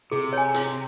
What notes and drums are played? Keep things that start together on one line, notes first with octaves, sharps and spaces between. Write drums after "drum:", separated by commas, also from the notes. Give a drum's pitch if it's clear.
C3 G#4
C#5
G#5
G#4, drum: hi-hat